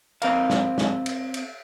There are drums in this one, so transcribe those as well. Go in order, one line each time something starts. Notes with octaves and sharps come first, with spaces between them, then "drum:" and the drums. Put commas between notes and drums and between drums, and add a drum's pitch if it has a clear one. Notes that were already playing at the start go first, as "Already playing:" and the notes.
C4 A#4 F5, drum: cymbal
drum: snare
drum: snare
drum: cymbal
drum: cymbal